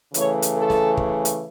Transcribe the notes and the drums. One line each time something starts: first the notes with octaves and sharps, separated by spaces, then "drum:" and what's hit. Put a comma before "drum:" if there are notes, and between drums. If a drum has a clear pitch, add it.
C#3 E3 A3 C#5, drum: hi-hat
drum: hi-hat
A4
drum: snare
drum: kick
drum: hi-hat